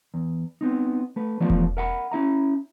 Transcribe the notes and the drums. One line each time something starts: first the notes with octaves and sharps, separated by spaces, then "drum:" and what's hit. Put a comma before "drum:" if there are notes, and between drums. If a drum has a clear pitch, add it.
E2
B3 C4 D#4
A3 B4
E3 F3 A3 B3 F4 D5
drum: kick E1
A#4 E5 F#5 G#5 A#5 B5
C#4 E4 E5 A#5